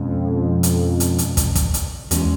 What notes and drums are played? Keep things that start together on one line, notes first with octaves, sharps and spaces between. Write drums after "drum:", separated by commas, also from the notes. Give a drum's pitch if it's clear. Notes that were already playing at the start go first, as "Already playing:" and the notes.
Already playing: F2 B2 G#3 C#4
drum: hi-hat
drum: hi-hat
drum: hi-hat
drum: kick, hi-hat
drum: kick, hi-hat
drum: hi-hat
E2 G#3 C#4 F#4, drum: hi-hat